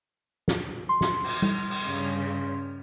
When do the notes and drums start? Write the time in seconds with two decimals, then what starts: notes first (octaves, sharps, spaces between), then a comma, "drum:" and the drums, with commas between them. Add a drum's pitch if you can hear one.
0.48 drum: snare
0.89 C6
1.01 drum: snare
1.24 drum: cymbal
1.42 drum: tom G3
1.70 drum: cymbal
1.84 G2 C#3